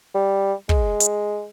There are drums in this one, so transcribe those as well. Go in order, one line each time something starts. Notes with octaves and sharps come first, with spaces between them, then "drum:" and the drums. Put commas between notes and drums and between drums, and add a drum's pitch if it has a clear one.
G3
G#3, drum: kick
drum: hi-hat